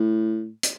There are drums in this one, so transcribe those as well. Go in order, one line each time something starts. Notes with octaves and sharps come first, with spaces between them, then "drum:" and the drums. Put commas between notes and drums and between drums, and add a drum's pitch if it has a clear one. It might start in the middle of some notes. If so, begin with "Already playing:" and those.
Already playing: A2
drum: hi-hat